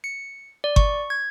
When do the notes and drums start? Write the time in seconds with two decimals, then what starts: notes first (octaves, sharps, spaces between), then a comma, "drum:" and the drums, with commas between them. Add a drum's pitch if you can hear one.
0.04 C#7
0.64 D5
0.76 C#6, drum: kick G1
1.10 G#6